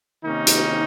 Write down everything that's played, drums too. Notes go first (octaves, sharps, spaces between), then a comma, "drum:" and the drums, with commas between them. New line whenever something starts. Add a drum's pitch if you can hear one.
C3 D#3 A#3 C#4 D#4
drum: hi-hat